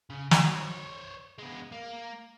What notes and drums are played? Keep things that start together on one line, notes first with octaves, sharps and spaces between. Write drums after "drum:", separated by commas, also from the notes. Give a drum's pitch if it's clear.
C#3
F#3, drum: snare
C5 C#5
G#3 B3
A#3